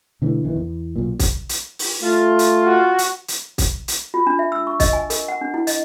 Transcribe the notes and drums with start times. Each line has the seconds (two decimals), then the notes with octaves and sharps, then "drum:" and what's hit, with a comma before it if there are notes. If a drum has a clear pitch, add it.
0.22 B2 D3 E3 A3
0.44 A#1 D#3 E3
0.56 E2
0.96 B1 A#2
1.19 drum: kick, hi-hat
1.49 drum: hi-hat
1.79 drum: open hi-hat
2.02 A3 F4
2.39 drum: hi-hat
2.65 F#4
2.98 drum: hi-hat
3.28 drum: hi-hat
3.58 drum: kick, hi-hat
3.88 drum: hi-hat
4.14 F4
4.27 D4
4.39 E5
4.52 E6
4.67 C#6
4.80 D#5, drum: kick, hi-hat
4.93 G#5
5.10 A#4, drum: hi-hat
5.28 F#5
5.41 D4
5.54 E4
5.67 D#5, drum: hi-hat